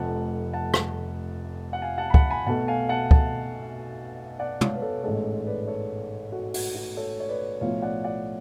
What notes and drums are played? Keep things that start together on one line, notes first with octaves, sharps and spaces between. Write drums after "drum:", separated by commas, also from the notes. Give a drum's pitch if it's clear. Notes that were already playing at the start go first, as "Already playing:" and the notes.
Already playing: F1 F2 F3 A3 F#5 A5
F#5 A5
drum: rim click
F#5
F5 G#5
F#5 A5
B5
F#5 A5, drum: kick
G#5 B5
B1 B2 A3 F#5 A5
F5 G#5
F#5 A5
F#5 A5, drum: kick
D5 F#5
C#5 F5, drum: tom
B4
A4 C#5
A1 G#2 G#3 A4 C#5
B4 D5
A4 C#5
F#4 A4
F#4, drum: open hi-hat
F#4
A4 C#5
C#5
B4 D5
B1 A2 F3 C#5 F5
D5 F#5
D5 F#5